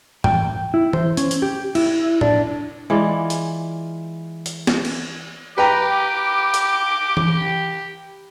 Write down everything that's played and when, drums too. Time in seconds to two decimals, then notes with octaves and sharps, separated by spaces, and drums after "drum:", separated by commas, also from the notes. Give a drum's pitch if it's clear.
0.24 G5, drum: tom G#2
0.74 E4
0.93 C5, drum: tom E3
1.17 C#4, drum: hi-hat
1.31 drum: hi-hat
1.42 G4
1.75 E4, drum: cymbal
2.21 D4, drum: tom
2.90 E3 G#3 F4 D5
3.30 drum: hi-hat
4.46 drum: hi-hat
4.67 drum: snare
4.85 drum: cymbal
5.58 G4 B4 G5 A#5 D6
6.54 drum: hi-hat
7.17 drum: tom E3